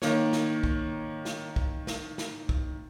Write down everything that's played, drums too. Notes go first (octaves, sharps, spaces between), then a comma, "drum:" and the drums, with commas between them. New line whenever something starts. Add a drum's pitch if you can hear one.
D#3 A#3 C#5, drum: snare
drum: snare
drum: kick
drum: snare
drum: kick
drum: snare
drum: snare
drum: kick